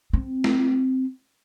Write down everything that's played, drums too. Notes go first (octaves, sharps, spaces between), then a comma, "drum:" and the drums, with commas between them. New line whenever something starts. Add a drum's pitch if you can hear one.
C4
drum: snare